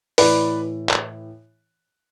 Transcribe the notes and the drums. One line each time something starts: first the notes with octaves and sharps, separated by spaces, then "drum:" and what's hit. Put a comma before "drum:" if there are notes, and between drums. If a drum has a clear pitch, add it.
A2 E3 B4 D5, drum: open hi-hat
drum: clap